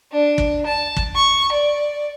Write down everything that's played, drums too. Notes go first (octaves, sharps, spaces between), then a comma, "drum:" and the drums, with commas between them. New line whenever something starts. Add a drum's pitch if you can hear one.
D4
drum: kick
A5
drum: kick
C#6
D5